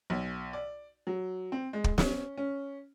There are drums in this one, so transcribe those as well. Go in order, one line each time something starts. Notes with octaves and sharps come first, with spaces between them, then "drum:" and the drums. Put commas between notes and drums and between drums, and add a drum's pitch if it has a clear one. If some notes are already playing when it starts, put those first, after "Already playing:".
B1
D5
F#3
C4
G#3
drum: kick
C#4, drum: snare
C#4